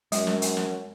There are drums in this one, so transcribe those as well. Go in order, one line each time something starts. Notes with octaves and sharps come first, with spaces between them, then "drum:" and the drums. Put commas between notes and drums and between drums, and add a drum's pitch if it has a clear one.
F#2 G#3, drum: hi-hat
drum: snare
drum: hi-hat
drum: snare